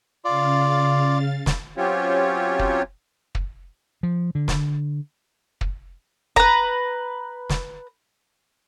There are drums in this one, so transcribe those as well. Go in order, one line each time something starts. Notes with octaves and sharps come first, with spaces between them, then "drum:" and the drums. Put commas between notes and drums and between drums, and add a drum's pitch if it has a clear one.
C#3 F4 D5 F5 A6
drum: snare
F#3 C4 C#4 F4 G4 C#5
drum: kick
drum: kick
F3
D3
drum: snare
drum: kick
B4 A#5, drum: kick
drum: snare